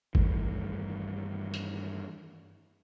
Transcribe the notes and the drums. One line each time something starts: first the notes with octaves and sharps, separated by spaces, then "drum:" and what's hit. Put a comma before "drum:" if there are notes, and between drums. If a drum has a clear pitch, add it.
G2 D#3 E3 A3, drum: kick G#1
drum: hi-hat